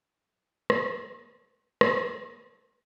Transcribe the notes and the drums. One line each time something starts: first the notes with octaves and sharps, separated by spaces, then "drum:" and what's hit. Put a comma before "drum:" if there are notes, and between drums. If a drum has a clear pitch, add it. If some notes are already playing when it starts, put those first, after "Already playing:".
A2 F#3 B3 E4 B4 F5
C#3 F3 G#3 A#3 F4 G#5, drum: rim click
drum: rim click